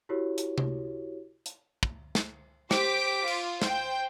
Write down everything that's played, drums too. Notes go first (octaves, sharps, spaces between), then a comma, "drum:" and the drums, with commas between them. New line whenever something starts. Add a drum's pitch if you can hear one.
E4 F#4 G4 A#4 C#5
drum: hi-hat
drum: tom C3
drum: hi-hat
drum: kick
drum: snare
G4 C5 D6 B6 D7, drum: snare
F4, drum: cymbal
C5 G5, drum: snare